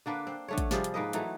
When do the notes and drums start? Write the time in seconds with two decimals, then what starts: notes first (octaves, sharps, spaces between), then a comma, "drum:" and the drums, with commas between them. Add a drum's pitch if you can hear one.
0.06 D3 A#3 D4 B4
0.27 C4
0.48 D3 A3 C#5
0.58 drum: kick, hi-hat
0.71 C3 F3 G3 G#4, drum: snare
0.84 drum: hi-hat
0.94 G#2 A#3 B4 D#5
1.13 E3 F#3 A3 D#4, drum: hi-hat